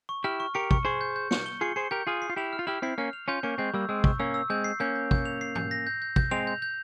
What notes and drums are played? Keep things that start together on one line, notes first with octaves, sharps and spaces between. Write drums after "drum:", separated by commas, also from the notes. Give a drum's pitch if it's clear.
C#6
E4 G4 F6
C#6
G4 A#4 C#7
C#6, drum: kick
G#4 C5 C#6
G6
G6
C#7, drum: snare
G7
F4 G#4 C#7
G#4 C5 C#7
G4 A#4 G6
F4 G#4 F6
C7
F4
E4 G4 F7
F6
F4
E4 G4 F6
C4 E4 C7
A#3 C#4 F6
F7
C#4 F4 G6
A#3 C#4 C#6
G#3 C4 G6
G3 A#3 E6
G#3 C4 E6
C#6, drum: kick
A#3 C#4 E6
E6
G#3 C4 G6
C7
A#3 C#4 G6
G6
G6, drum: kick
F7
C7
G6, drum: tom G#2
A#6
G6
G6
G6, drum: kick
G#3 C4 F7
G6
G6